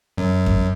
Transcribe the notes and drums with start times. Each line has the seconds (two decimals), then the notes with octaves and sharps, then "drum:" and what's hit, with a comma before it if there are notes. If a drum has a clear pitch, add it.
0.18 F#2
0.46 drum: kick F#2